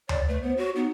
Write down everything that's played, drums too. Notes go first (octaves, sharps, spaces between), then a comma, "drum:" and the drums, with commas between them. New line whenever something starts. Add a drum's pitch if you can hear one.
C#5 D5, drum: tom D2
A3 B4
B3 C5
F#4 C#5
B3 D#4